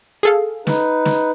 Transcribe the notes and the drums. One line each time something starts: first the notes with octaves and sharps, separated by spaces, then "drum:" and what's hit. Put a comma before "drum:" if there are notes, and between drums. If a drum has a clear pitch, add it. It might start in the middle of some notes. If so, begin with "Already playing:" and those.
G#4 A4 F5
D#4 B4, drum: snare
drum: snare